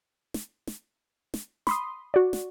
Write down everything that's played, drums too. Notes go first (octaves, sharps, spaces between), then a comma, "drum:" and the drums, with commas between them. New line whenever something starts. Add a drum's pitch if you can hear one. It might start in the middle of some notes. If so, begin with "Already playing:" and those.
drum: snare
drum: snare
drum: snare
B5 C6 D#6, drum: snare
F#4 D5
drum: snare